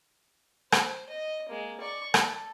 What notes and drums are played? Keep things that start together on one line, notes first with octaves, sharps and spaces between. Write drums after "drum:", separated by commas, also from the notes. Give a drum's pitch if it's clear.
C5, drum: rim click
D#5
G#3 A#3
D5 C#6
A4, drum: rim click